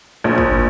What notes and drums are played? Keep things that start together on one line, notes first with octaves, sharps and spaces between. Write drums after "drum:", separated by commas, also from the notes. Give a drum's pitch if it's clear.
A#1
drum: kick